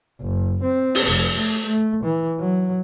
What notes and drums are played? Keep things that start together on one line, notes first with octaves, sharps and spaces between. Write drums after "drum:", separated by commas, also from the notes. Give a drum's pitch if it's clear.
F#1
C4
drum: open hi-hat
F1
A3
A3
E3
F#3